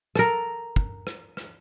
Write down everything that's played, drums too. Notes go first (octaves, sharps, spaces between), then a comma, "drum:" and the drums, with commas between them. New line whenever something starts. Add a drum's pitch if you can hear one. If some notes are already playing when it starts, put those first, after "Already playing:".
A4 A#4, drum: rim click
drum: kick
drum: rim click
drum: rim click